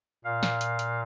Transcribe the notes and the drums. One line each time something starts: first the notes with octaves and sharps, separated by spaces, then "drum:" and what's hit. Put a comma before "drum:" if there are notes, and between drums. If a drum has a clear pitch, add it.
A#2 F5
drum: snare
drum: hi-hat
drum: hi-hat